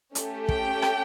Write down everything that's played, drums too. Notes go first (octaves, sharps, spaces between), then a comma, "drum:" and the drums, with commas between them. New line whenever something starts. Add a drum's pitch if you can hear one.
A3 C#4 G4, drum: hi-hat
G5, drum: kick
drum: rim click